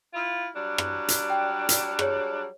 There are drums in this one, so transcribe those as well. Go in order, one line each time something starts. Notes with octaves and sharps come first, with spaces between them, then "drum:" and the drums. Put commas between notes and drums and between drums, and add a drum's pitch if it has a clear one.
E4 F4
F#3 G3 D4
drum: rim click
drum: hi-hat
G5
drum: hi-hat
G#4 C#5, drum: rim click